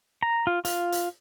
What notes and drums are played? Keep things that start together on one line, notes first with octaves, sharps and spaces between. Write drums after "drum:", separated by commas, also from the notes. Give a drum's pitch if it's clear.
A#5
F4
F4, drum: hi-hat
drum: hi-hat